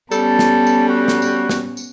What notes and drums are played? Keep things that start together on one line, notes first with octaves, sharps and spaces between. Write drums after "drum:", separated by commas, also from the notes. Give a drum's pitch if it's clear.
G3 B3 C#4 A4 A5, drum: tambourine
drum: snare
drum: tambourine
F#4
drum: snare
drum: tambourine
drum: snare
drum: tambourine